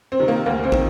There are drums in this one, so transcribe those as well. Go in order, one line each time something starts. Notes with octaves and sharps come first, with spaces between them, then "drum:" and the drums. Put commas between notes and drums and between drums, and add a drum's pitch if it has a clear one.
C4
C3 D#3
A#3
D2 A#3
C4
D#3, drum: kick